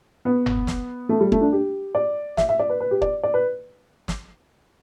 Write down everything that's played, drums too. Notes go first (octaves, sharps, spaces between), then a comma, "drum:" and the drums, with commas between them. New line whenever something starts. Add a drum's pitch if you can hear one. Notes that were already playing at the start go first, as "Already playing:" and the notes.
B3
drum: tom F#1
drum: snare
A3
G3
A3, drum: kick
D4
G4
D5
E5, drum: snare
E5
D5
B4
B4
G4
D5, drum: kick
D5
B4
drum: snare